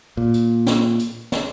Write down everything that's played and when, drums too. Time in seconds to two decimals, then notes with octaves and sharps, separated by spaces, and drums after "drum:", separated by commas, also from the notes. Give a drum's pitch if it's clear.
0.17 A#2
0.34 drum: hi-hat
0.67 drum: snare
0.99 drum: hi-hat
1.32 drum: snare